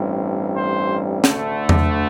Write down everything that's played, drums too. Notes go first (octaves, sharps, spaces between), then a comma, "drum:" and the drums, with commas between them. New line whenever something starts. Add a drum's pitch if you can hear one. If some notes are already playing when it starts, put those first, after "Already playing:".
Already playing: A1 G2 G3 C4
C5
D2 D3 A3, drum: snare
drum: tom E2